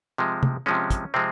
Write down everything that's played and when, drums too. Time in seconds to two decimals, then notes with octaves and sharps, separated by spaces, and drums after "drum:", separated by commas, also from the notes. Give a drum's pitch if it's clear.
0.18 C3 F3 G#3
0.43 drum: tom C3
0.66 C3 F3 G#3 C#4
0.91 drum: kick, hi-hat
1.14 C3 F3 G#3 C4